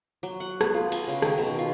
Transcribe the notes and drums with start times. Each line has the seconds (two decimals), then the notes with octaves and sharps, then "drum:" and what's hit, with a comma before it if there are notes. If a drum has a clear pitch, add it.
0.23 F#3
0.40 F#5
0.61 B3, drum: rim click
0.74 F4
0.92 G#5, drum: cymbal
1.08 C#3
1.22 D#3, drum: rim click
1.38 B2
1.59 F4